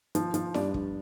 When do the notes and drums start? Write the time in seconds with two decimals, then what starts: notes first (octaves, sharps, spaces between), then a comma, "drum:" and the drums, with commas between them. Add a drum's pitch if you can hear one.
0.15 F3, drum: hi-hat
0.34 F3, drum: hi-hat
0.54 G2 D5, drum: snare E4
0.74 G2, drum: kick